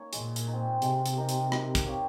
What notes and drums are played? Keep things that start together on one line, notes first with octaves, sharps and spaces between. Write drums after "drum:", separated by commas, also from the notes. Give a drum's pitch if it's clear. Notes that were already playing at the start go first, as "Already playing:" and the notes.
Already playing: A#3 C#4 D#4 C#5
A#2 G#3, drum: hi-hat
drum: hi-hat
D#4
C4
C3 G#3, drum: hi-hat
drum: hi-hat
C4 D#4 A#4
drum: hi-hat
D#4, drum: rim click
drum: kick, hi-hat
G4 C#5 F5